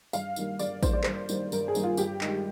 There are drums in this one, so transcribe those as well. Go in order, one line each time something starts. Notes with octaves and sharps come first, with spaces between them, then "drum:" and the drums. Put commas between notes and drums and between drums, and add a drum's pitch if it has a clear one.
G2 F5, drum: tambourine
D#3 G3 A#3, drum: tambourine
G2 D5, drum: tambourine
D#3 G3 A#3 C5, drum: kick A1, tambourine
D5
G2 C5, drum: clap
D#3 G3 A#3, drum: tambourine
G2 A#4, drum: tambourine
G#4
D#3 G3 A#3, drum: tambourine
F4
G2 G4, drum: tambourine
D#3 G#3, drum: clap